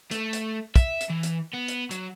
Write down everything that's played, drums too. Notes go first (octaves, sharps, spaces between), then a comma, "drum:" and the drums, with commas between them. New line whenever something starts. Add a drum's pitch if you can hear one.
A3, drum: hi-hat
drum: hi-hat
E5, drum: kick, hi-hat
drum: hi-hat
E3
drum: hi-hat
B3
drum: hi-hat
F#3, drum: hi-hat